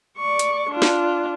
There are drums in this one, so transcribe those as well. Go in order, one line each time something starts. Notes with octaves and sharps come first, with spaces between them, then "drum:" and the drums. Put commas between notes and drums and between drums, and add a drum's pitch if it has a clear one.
D5 C#6
drum: hi-hat
D4 F4
drum: snare